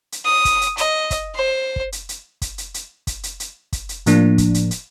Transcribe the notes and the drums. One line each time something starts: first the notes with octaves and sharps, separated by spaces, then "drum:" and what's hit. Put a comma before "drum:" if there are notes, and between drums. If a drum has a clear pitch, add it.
drum: hi-hat
D#6
drum: kick, hi-hat
drum: hi-hat
D#5, drum: hi-hat
drum: kick, hi-hat
C5
drum: kick
drum: hi-hat
drum: hi-hat
drum: kick, hi-hat
drum: hi-hat
drum: hi-hat
drum: kick, hi-hat
drum: hi-hat
drum: hi-hat
drum: kick, hi-hat
drum: hi-hat
A2 F3 A#3 D4, drum: hi-hat
drum: kick, hi-hat
drum: hi-hat
drum: hi-hat